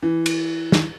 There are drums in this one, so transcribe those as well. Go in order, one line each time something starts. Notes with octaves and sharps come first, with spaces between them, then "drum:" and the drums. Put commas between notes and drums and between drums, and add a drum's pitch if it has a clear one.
E3
drum: cymbal
drum: snare